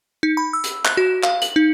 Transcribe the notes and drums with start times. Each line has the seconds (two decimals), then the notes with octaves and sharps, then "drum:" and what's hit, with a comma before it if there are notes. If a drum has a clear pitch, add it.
0.23 D#4
0.37 B5
0.53 E6
0.64 drum: hi-hat
0.85 F#6, drum: clap
0.97 F#4
1.23 F5, drum: clap
1.42 F#7, drum: hi-hat
1.56 D#4